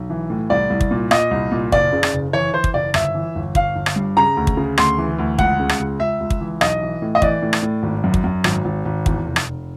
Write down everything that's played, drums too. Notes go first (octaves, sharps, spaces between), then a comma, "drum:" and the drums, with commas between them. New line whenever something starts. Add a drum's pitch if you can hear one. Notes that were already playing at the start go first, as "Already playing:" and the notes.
Already playing: B1
E3
A2
C2 D5
C2
drum: kick
A#2
A#2 D#5, drum: rim click
C2
A#2
F#1 D5, drum: kick
C#3
drum: rim click
F#1
E3 C#5
E3 C5
drum: kick
F#1 D5
G1 E5, drum: rim click
E3
G1
G1 F5, drum: kick
G1
drum: rim click
G2
C#3 A#5
D2
drum: kick
C#3
D2 C6, drum: rim click
E3
D2
C#2 F#5, drum: kick
C#3
drum: rim click
C#2
C#2 E5
C#2
drum: kick
E3
B1 D#5, drum: rim click
E3
A2
D#5
E3 D5, drum: kick
A2
drum: rim click
A2
G#1
F#2
drum: kick
F#2
G#1, drum: rim click
G#1
G#1
E2, drum: kick
F1
drum: rim click
F1